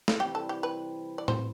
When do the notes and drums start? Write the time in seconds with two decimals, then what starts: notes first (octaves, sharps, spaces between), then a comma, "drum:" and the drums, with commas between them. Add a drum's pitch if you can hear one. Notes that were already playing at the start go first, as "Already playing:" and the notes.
0.08 drum: snare
0.20 C3 E3 G3 G4
0.35 A4
0.49 G4
0.63 B4
1.18 D5
1.28 C5, drum: tom A2